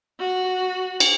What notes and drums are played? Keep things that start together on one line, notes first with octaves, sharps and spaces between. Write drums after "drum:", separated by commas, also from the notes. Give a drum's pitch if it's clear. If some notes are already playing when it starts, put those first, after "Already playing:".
F#4
drum: cymbal